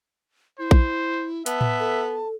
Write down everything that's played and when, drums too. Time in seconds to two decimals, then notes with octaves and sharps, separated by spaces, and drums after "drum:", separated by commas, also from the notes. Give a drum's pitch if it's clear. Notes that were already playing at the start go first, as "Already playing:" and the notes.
0.59 E4 C5
0.71 drum: kick A#1
1.46 B3 E5 A5, drum: hi-hat
1.61 drum: tom A2
1.80 A4